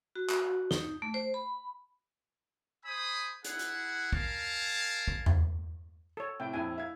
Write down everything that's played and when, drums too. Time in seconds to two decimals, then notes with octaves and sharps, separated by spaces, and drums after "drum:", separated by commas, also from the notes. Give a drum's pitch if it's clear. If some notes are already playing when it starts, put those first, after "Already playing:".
0.15 F#4
0.30 drum: clap
0.71 D#4, drum: snare
1.02 A3
1.14 C5
1.34 B5
2.85 C5 G#5 B5 D#6
3.45 E4 G#4 F#5, drum: hi-hat
3.59 drum: hi-hat
4.13 A#4 F5 G#5 A5, drum: kick A#1
5.08 drum: kick A#1
5.26 drum: tom E2
6.17 A4 C#5
6.40 A2 C3 G5
6.53 A#1 F2 E4 G#5
6.78 E5 F5 G#6